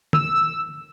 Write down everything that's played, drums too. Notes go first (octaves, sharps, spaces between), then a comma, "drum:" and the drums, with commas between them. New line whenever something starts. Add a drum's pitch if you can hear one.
E6, drum: tom